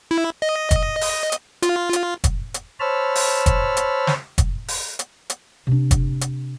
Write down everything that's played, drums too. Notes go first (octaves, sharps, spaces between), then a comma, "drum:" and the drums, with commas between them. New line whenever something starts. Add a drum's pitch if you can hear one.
E4
D#5
drum: kick, hi-hat
drum: open hi-hat
drum: hi-hat
F4, drum: hi-hat
drum: hi-hat
drum: kick, hi-hat
drum: hi-hat
C5 C#5 A5 B5 E6 F6
drum: open hi-hat
drum: kick, hi-hat
drum: hi-hat
drum: snare
drum: kick, hi-hat
drum: open hi-hat
drum: hi-hat
drum: hi-hat
C3 D4
drum: kick, hi-hat
drum: hi-hat